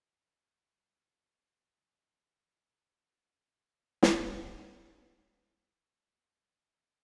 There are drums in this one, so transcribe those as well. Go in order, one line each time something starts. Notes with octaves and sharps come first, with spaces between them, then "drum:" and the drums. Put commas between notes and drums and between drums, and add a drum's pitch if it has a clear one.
G3
F3
drum: snare
G3
G3
G3
F3